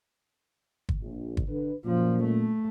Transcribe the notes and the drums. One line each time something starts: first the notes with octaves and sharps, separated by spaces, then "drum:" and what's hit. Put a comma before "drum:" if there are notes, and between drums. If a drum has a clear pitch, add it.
drum: kick
A#1
drum: kick
D3 B4
F#2 A#2 F3
A3